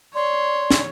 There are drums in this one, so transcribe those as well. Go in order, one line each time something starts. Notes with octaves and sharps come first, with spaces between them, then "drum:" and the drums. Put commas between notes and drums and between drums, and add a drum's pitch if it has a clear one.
C#5 D5 C6
drum: snare